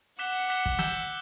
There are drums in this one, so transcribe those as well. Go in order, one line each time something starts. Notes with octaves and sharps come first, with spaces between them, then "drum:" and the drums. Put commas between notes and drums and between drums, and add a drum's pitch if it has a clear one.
F#5 D6 F#6 B6 E7 G7
D6 F#6 B6 E7 G7
drum: kick
E6 G6 B6 E7 G7, drum: snare